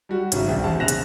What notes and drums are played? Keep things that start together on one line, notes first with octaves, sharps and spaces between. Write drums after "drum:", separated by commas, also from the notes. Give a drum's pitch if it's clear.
G3 F#4
G#1 C#3 F#3 E5, drum: hi-hat
E1 C2 C4
E1 E2 A5
A#1 C#3 F#6 A#6 E7 F7
drum: hi-hat